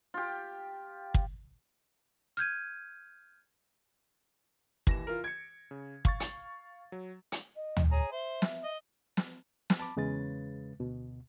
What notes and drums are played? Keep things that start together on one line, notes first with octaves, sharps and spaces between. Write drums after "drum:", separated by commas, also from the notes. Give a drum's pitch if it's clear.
F4 G4
drum: kick
F6 G6 G#6 D#7
D#2 E3 A#6 E7, drum: kick
F4 A#4
G#6 C#7 D7
C#3
F5 C#6 A6, drum: kick
drum: hi-hat
F#3
drum: hi-hat
D#5
drum: tom
G#4 C#5 A#5
C5 E5
drum: snare
D#5
drum: snare
drum: snare
A5 B5 D6
E2 C#3 G#3 B4 A6
D2 B2